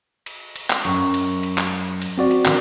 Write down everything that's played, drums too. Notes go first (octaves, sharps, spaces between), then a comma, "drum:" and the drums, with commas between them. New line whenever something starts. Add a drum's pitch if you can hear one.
drum: cymbal
drum: cymbal
drum: clap
F#2 C#6, drum: cymbal
drum: cymbal
drum: cymbal
drum: clap
drum: cymbal
C4 F#4 D5
drum: cymbal
D3 D#3 F3, drum: clap